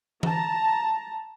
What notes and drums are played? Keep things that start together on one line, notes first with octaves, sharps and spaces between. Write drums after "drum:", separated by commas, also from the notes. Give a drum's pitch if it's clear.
A5 A#5, drum: tom E3